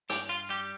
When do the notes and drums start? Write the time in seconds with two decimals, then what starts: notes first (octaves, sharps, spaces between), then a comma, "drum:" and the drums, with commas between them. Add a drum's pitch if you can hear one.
0.09 G2 G4, drum: hi-hat
0.29 F4
0.49 G3 G4